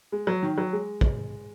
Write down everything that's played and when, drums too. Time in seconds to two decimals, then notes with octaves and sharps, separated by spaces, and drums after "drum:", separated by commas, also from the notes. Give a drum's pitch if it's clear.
0.12 G#3
0.27 F#3
0.43 D#3
0.58 F#3
0.73 G#3
1.01 drum: kick